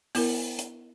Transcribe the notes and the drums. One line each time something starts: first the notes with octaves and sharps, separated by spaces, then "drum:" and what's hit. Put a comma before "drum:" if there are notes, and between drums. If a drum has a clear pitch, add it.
B3 E4 A#4, drum: open hi-hat
drum: hi-hat